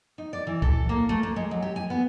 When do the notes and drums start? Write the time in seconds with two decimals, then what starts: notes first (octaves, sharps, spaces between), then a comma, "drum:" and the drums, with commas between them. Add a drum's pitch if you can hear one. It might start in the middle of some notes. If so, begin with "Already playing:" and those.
0.18 D#4
0.33 D5
0.47 E3
0.62 A4, drum: kick C#2
0.89 A#3
1.09 A3
1.23 A#3
1.36 G#3
1.51 F#3
1.62 G4
1.76 G#5
1.90 B3